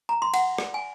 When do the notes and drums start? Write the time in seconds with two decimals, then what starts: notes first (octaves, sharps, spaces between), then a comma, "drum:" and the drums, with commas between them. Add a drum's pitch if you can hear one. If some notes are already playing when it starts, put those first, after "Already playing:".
0.09 A#5
0.22 C6
0.34 F#5, drum: cymbal
0.58 D5, drum: rim click
0.74 G#5